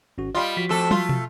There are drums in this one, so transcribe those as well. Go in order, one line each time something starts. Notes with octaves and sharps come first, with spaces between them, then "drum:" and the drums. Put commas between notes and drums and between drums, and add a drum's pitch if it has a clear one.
G#1 C#4 F#4
G3 F4 D#5 F5 B5
F3 F#4 B6
F2 A3 A4
A3 F4, drum: tom
drum: tom